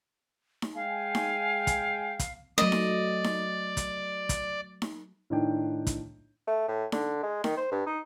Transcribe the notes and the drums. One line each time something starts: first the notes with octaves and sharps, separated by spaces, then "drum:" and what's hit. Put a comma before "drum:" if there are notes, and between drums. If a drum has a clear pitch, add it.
drum: snare D#4
G#3 F5 G5 G#5
drum: snare D#4
drum: kick, hi-hat
drum: kick, hi-hat
F#3 A3 D5 D#5
drum: snare D#4
drum: snare D#4
drum: kick, hi-hat
drum: kick, hi-hat
drum: snare D#4
A2 D#3 D4 G5
drum: kick, hi-hat
A3
A2
D3, drum: snare D#4
G#3
D#3, drum: snare D#4
C5
G2
D#4